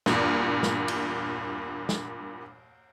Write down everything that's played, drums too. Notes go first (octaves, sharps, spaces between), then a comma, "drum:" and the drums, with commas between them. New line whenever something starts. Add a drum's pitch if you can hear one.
E2 G2 A#2, drum: snare
drum: snare
drum: cymbal
drum: snare